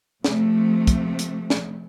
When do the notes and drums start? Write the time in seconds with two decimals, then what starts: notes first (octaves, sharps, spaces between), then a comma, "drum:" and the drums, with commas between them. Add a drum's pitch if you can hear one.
0.24 C3 F3 A3, drum: snare
0.87 drum: kick, hi-hat
1.19 drum: hi-hat
1.50 drum: snare